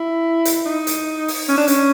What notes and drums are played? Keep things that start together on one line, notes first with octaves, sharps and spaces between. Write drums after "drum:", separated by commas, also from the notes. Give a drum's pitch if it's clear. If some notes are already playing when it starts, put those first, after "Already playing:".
Already playing: E4
drum: hi-hat
D#4
drum: hi-hat
drum: open hi-hat
C#4
D4
C#4, drum: hi-hat